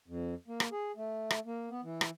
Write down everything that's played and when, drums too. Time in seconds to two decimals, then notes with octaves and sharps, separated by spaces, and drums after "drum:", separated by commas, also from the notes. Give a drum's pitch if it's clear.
0.08 F2
0.48 A#3
0.60 drum: rim click
0.72 G#4
0.96 A3
1.30 drum: rim click
1.46 A#3
1.70 B3
1.83 E3
2.01 drum: rim click